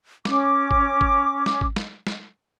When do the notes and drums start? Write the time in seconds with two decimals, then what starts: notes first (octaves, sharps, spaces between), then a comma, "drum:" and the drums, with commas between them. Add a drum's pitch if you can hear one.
0.25 C#4 D6, drum: snare
0.71 drum: kick G#1
1.01 drum: kick G#1
1.46 drum: snare
1.61 drum: kick G#1
1.76 drum: snare
2.07 drum: snare